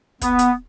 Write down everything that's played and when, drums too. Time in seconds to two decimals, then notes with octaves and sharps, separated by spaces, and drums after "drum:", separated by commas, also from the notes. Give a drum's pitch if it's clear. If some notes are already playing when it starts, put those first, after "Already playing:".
0.21 B3, drum: kick, hi-hat
0.39 drum: hi-hat